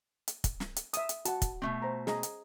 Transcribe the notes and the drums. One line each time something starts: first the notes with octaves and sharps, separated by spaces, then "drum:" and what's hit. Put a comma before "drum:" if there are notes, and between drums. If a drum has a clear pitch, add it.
drum: hi-hat
drum: kick, hi-hat
drum: snare
drum: hi-hat
E5 D#6, drum: hi-hat
drum: hi-hat
F#4 F#5 A5, drum: hi-hat
drum: kick, hi-hat
B2 A3 C4
C5 A#5
G#4 D#5 A#5, drum: snare
drum: hi-hat